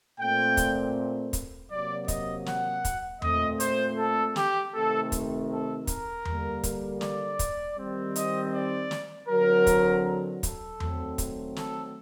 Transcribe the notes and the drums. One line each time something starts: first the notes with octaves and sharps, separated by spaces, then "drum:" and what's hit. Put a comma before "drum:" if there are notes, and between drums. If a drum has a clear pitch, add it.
A#2 A3 C4 G5
drum: kick, hi-hat
drum: kick, hi-hat
C3 F#3 A#3 D5
D#5, drum: kick, hi-hat
F#5, drum: snare
drum: kick, hi-hat
A#2 A3 C4 D#5, drum: tom E2
C5, drum: hi-hat
A4
G4, drum: snare
C3 D#3 A3 C4 A4
drum: kick, hi-hat
A4
A#4, drum: kick, hi-hat
D3 G3 A#3, drum: tom E2
drum: kick, hi-hat
D5, drum: snare
drum: kick, hi-hat
D#3 G3 C4
D#5, drum: hi-hat
D5
drum: snare
D3 F#3 C4 A#4
drum: kick, hi-hat
A4, drum: kick, hi-hat
D#3 F#3 A3 C4, drum: tom E2
drum: kick, hi-hat
A4, drum: snare